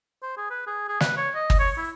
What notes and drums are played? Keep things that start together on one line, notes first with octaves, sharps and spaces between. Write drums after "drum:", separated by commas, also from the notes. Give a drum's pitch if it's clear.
C5
G#4
B4
G#4
G#4
B4, drum: snare
C#5
D#5
drum: kick G1
C#5
E4